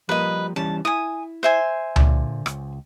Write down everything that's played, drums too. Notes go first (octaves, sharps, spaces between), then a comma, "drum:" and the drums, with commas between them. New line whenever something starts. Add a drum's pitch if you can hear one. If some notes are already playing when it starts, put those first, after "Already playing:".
F3 G3 A#3 B4 D#5
E3 G3 C#4 A5
E4 G#5 D#6
C5 E5 G#5
A#2 D3, drum: tom C#2
C#2, drum: rim click